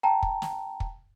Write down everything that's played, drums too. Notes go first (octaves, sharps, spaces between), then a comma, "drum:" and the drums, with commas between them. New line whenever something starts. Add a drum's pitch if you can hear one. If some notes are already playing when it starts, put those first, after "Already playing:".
G5 A5 A#5
drum: kick
drum: snare
drum: kick